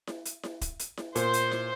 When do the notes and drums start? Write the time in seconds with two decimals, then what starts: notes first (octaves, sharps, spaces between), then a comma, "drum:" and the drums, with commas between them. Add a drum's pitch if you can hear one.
0.07 drum: snare E4
0.25 drum: hi-hat
0.43 drum: snare E4
0.61 drum: kick, hi-hat
0.79 drum: hi-hat
0.97 drum: snare E4
1.15 A#2 C5, drum: hi-hat
1.33 drum: hi-hat
1.51 drum: snare E4